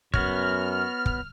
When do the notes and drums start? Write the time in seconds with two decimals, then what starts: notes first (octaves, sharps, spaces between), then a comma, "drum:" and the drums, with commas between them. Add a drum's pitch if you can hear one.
0.14 F#2 B3 F#4 C#5 F6, drum: kick
1.06 drum: kick